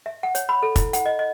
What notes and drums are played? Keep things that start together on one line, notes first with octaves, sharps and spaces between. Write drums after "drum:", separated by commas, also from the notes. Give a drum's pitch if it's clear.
E5
F#5
C#5, drum: hi-hat
B5
A4
E4, drum: kick, hi-hat
F#5, drum: hi-hat
D#5
D#5